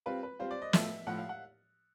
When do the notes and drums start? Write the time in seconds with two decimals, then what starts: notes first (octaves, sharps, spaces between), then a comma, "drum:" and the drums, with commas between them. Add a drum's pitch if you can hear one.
0.06 G3 C4 F4 B4
0.23 B4
0.39 G3 C4 F4 C5
0.51 D5
0.62 D#5
0.73 A2 F3 A3 E5, drum: snare
1.07 A2 F3 A3 F#5
1.18 F5
1.29 F#5